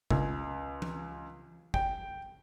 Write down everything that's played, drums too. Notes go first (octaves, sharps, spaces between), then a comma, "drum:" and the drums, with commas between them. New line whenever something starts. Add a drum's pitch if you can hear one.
C#2, drum: kick
drum: tom E3
G5, drum: kick